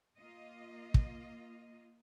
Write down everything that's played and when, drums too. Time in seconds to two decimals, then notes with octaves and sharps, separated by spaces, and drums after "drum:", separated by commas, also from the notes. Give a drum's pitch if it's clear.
0.18 A#3 F4 D#5
0.94 drum: kick